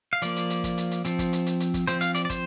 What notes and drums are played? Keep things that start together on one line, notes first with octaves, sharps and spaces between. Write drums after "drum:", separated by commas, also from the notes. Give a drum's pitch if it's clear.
F5
F3 A#3 D5, drum: hi-hat
drum: hi-hat
drum: hi-hat
drum: kick, hi-hat
drum: hi-hat
drum: hi-hat
F3 C4, drum: hi-hat
drum: kick, hi-hat
drum: hi-hat
drum: hi-hat
drum: hi-hat
drum: kick, hi-hat
F3 C4 C5, drum: hi-hat
F5, drum: hi-hat
D5, drum: hi-hat
D5
C5, drum: kick, hi-hat